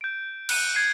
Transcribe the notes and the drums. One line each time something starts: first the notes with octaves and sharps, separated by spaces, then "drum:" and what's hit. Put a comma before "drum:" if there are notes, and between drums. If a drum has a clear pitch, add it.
G6 D7
F#6 C#7 D#7, drum: cymbal
G#6 C7 D#7